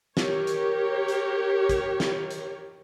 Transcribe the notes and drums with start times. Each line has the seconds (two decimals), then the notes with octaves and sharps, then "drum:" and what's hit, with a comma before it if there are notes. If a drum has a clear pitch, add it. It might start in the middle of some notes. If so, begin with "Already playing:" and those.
0.17 G4 A#4 C#5, drum: snare
0.47 drum: hi-hat
1.08 drum: hi-hat
1.69 drum: kick, hi-hat
2.00 drum: snare
2.31 drum: hi-hat